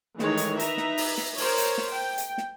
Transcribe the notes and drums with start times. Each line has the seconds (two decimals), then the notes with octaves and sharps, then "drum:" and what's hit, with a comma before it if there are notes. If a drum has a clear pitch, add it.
0.19 D#3 E3 G#3 A3 D#4 C#5, drum: snare
0.37 drum: hi-hat
0.60 D#4 B4 E5 A#5, drum: hi-hat
0.77 drum: snare
0.98 drum: open hi-hat
1.18 drum: snare
1.38 A#4 C5 C#5, drum: open hi-hat
1.58 drum: hi-hat
1.78 drum: snare
1.92 G5
2.18 drum: hi-hat
2.38 drum: snare